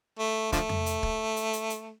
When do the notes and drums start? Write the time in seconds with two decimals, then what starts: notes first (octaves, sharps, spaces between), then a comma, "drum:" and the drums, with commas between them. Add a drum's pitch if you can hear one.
0.19 A3
0.52 D3 F3 A3, drum: kick, hi-hat
0.69 drum: tom F2
0.86 drum: hi-hat
1.03 drum: kick
1.36 drum: hi-hat
1.53 drum: hi-hat
1.70 drum: hi-hat